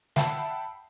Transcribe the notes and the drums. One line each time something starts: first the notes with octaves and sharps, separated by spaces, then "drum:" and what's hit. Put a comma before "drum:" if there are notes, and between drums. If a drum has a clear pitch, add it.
E5 F#5 G5 A5 B5 C7, drum: snare